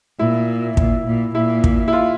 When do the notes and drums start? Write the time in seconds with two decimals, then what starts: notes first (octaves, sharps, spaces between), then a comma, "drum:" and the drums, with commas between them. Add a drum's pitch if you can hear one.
0.19 A#2 E4
0.77 A#2, drum: kick
1.07 A#2
1.35 A#2 E4
1.64 drum: kick
1.88 E4
1.93 F4